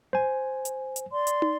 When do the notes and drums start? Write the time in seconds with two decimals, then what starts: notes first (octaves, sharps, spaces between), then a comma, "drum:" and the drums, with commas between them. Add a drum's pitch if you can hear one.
0.13 C5 G#5
0.65 drum: hi-hat
0.96 drum: hi-hat
1.11 D5 C6
1.27 drum: hi-hat
1.42 drum: tom